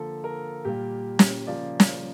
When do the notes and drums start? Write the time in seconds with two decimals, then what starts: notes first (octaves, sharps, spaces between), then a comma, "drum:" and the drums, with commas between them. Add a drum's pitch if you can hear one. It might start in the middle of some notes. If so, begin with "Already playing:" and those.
Already playing: D3 F3 A#3 A4
0.24 A#4
0.65 A#2 G3 A#3 G4
1.19 drum: snare
1.47 C#3 F3 A#3 D5
1.80 drum: snare